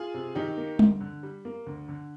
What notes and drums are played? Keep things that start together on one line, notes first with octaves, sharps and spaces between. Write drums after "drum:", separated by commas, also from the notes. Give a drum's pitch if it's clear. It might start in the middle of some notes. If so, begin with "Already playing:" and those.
Already playing: F4 G#4
C3
D#3 D#4 G4
A#3
D2, drum: tom G3
D3
G3
A#3
D2
D3